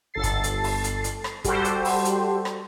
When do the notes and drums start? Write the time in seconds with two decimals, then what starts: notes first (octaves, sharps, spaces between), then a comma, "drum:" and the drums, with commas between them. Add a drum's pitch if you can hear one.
0.14 G1 A4 A6 C7
0.23 drum: kick, hi-hat
0.44 drum: hi-hat
0.64 drum: open hi-hat
0.84 drum: hi-hat
1.04 drum: hi-hat
1.24 drum: rim click
1.44 G3 F#4 G4 A4 C5, drum: kick, hi-hat
1.65 drum: hi-hat
1.85 drum: open hi-hat
2.05 drum: hi-hat
2.45 drum: rim click